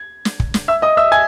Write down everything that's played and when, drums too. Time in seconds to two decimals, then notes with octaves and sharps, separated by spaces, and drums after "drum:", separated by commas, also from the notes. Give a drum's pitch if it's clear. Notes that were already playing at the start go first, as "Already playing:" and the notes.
Already playing: G#6
0.25 drum: snare
0.40 drum: kick
0.54 drum: snare
0.68 E5 E6
0.82 D#5 D#6
0.97 E5 E6
1.12 G#5 G#6